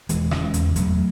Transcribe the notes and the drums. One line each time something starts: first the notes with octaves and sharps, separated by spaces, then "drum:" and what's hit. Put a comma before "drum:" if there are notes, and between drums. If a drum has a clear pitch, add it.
E1 E3 G#3, drum: hi-hat
C#3, drum: rim click
E3 G#3
E2, drum: hi-hat
E1 F#3 A3, drum: hi-hat